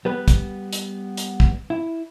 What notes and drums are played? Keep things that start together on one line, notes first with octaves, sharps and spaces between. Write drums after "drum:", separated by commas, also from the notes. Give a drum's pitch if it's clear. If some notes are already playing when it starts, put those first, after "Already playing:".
G3 B3 B4
drum: kick, hi-hat
drum: hi-hat
drum: hi-hat
drum: kick
E4